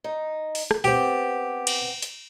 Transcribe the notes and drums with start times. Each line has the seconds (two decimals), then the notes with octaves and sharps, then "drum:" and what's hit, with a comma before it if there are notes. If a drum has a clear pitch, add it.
0.04 D#4
0.55 drum: open hi-hat
0.71 drum: rim click
0.84 B3 C4 G4
1.67 drum: cymbal
2.02 drum: hi-hat